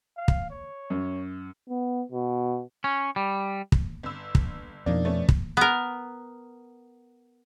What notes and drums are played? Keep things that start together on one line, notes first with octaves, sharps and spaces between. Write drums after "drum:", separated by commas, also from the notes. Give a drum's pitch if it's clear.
F5
drum: kick
C#5
F#2
B3
B2
C#4
G3
drum: kick
G1 E6
drum: kick
F2 B2 F3 A#3 D4 D#4 D5
A3 B3 C#4
drum: kick
B3 A#4